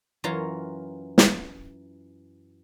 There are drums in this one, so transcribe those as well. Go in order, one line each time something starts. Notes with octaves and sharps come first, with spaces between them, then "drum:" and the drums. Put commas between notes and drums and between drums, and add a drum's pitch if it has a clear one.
F#2 E3 F4 C#5 F5 A#5
drum: snare